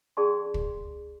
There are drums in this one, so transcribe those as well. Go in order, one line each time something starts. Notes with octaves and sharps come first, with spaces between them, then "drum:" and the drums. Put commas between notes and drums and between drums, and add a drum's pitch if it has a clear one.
C#4 G#4 D5 A5 C6
drum: kick